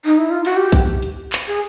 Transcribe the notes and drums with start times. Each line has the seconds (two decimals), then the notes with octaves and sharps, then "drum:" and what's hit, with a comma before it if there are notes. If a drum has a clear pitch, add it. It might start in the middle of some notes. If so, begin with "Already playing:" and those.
0.05 D#4
0.18 E4
0.31 F4
0.45 F#4, drum: hi-hat
0.57 G4
0.72 drum: kick B1, hi-hat
1.02 drum: hi-hat
1.33 drum: clap
1.48 G#4